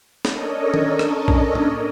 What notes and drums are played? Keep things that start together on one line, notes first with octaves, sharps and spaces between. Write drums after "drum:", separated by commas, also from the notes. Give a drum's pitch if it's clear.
C#4 D4 A4 A#4 C#5 D#5, drum: snare
drum: tom D#3
drum: rim click
drum: kick
drum: tom